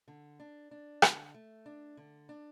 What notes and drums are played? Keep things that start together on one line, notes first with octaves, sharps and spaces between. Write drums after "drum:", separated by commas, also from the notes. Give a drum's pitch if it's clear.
D3
D4
D4
D3, drum: rim click
A3
D4
D3
D4